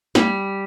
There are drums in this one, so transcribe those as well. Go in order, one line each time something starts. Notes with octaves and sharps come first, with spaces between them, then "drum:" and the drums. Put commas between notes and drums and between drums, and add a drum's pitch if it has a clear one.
G3, drum: snare